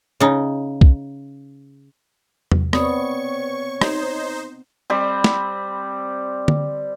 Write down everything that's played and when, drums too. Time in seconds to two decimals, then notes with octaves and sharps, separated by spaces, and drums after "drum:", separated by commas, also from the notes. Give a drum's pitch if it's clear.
0.20 C#3 D#4
0.81 drum: kick
2.52 drum: tom E2
2.73 B3 C4 C#5 D5 B5 C#6 D#6, drum: rim click
3.82 D#4 C5, drum: rim click
4.90 G3 C4
5.24 drum: snare
6.48 drum: tom D3